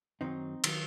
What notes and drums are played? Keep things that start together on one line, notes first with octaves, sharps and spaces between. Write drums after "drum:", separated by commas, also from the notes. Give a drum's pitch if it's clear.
F#2 D#3 F#3 C4 D#4
D#3 F#3, drum: cymbal